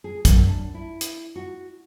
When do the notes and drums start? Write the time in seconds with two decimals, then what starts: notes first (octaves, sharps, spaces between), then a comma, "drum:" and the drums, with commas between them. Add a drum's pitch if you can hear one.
0.04 G#4
0.25 F#2, drum: kick, hi-hat
0.47 D4
0.74 E4
1.01 drum: hi-hat
1.36 F#4